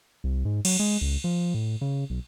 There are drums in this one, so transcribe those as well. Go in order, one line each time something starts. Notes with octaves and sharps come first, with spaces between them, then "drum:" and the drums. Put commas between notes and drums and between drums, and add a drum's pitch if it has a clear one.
C2
G#2
F#3, drum: cymbal
G#3
C#2
F3
A2
C#3
B1